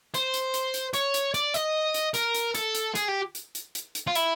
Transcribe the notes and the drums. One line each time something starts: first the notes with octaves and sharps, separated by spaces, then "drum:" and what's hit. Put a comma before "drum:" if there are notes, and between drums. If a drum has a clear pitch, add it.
C5, drum: hi-hat
drum: hi-hat
drum: hi-hat
drum: hi-hat
C#5, drum: hi-hat
drum: hi-hat
D5, drum: hi-hat
D#5, drum: hi-hat
drum: hi-hat
A#4, drum: hi-hat
drum: hi-hat
A4, drum: hi-hat
drum: hi-hat
G#4, drum: hi-hat
G4
drum: hi-hat
drum: hi-hat
drum: hi-hat
drum: hi-hat
F4
E4, drum: hi-hat